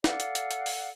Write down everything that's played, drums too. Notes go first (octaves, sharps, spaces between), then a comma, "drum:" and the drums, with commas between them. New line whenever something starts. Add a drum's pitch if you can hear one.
A4 D5 F5 F#5, drum: snare
drum: hi-hat
drum: hi-hat
drum: hi-hat
drum: open hi-hat